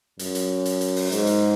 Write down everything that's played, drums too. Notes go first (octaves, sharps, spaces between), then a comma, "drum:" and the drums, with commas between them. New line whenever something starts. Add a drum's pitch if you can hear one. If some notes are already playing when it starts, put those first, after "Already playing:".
F#2, drum: hi-hat
drum: hi-hat
drum: hi-hat
drum: hi-hat
drum: open hi-hat
G#2, drum: hi-hat
drum: hi-hat